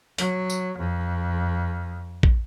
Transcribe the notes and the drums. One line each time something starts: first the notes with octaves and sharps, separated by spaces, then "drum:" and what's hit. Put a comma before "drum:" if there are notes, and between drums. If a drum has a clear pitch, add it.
F#3, drum: hi-hat
drum: tambourine
F2
drum: kick